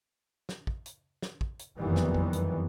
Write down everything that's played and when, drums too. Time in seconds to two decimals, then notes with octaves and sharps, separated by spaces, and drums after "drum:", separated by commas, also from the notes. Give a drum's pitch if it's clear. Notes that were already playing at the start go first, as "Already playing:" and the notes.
0.49 drum: snare
0.67 drum: kick
0.86 drum: hi-hat
1.22 drum: snare
1.41 drum: kick
1.59 drum: hi-hat
1.78 F#1 F2 D#3 E3 G3 B3
1.96 drum: snare
2.14 drum: kick
2.33 drum: hi-hat